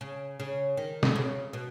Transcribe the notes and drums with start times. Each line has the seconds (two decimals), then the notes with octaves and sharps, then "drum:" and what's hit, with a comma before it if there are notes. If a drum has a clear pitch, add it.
0.01 C#3
0.40 C#3
0.77 D#3
1.03 drum: snare
1.16 C#3
1.53 B2